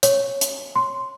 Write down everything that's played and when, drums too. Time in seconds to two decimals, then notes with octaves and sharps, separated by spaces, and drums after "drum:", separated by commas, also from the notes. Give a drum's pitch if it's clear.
0.03 C#5, drum: hi-hat
0.41 drum: hi-hat
0.76 C6